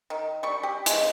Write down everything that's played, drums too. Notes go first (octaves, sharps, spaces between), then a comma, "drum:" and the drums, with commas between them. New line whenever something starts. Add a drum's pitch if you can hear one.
D#3
G3 C#6
G4
G#3, drum: hi-hat